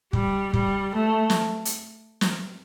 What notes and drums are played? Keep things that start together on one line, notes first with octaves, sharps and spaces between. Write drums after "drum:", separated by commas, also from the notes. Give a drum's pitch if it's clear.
G3, drum: kick
G3, drum: kick
A3
drum: snare
drum: hi-hat
drum: snare